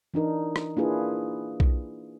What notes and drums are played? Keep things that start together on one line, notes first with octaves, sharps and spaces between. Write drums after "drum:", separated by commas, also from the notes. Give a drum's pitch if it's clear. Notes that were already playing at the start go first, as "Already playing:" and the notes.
E3 D4 D#4 A#4
drum: rim click
A#3 D4 E4 F4 G#4 B4
drum: kick B1